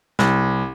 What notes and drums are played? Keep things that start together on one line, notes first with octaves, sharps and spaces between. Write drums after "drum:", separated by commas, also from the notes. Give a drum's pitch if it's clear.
C2, drum: snare